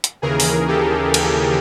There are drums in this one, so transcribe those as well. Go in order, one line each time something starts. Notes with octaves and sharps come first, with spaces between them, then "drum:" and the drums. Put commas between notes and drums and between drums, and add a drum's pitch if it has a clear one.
drum: hi-hat
D#2 C#3 E3 G#4 A#4
drum: open hi-hat
G4 A4
G4 A4, drum: cymbal